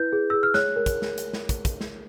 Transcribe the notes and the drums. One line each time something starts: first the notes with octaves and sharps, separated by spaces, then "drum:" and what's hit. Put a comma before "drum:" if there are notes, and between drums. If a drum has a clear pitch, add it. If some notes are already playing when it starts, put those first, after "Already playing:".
Already playing: E4 B4 G6
G#4
G#4 E6
F6
C#5 F#6, drum: snare
A#4
drum: kick, hi-hat
drum: snare
drum: hi-hat
drum: snare
drum: kick, hi-hat
drum: kick, hi-hat
drum: snare